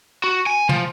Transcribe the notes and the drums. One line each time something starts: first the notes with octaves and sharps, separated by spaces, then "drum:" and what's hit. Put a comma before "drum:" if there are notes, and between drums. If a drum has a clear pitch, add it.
F#4
G#5
F3, drum: tom